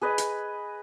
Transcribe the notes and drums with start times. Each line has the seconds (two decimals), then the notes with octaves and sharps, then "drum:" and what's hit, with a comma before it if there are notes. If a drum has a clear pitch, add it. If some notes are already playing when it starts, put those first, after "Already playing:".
0.01 G#4 B4 D#5
0.18 drum: hi-hat